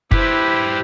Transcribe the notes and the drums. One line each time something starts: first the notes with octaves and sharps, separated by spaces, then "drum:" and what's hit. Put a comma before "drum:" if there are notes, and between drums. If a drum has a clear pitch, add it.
E4 G4 B4 C5, drum: kick